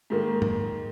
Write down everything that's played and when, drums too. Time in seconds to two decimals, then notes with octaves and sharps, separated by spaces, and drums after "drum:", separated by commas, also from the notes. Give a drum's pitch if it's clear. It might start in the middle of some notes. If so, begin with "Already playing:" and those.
0.10 G#2 D#3 A#3
0.42 drum: tom